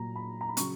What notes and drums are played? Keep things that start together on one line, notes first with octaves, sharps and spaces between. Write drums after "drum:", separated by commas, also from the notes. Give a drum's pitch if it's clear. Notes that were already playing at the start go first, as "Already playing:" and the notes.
Already playing: A#2 F#3 A#5
B5
A#5
B5
C#3 F#3 C#6, drum: hi-hat